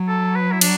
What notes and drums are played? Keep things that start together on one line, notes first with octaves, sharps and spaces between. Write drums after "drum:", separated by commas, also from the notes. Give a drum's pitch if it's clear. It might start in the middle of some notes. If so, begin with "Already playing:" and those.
Already playing: F#3
A4
B4
E4
D4, drum: cymbal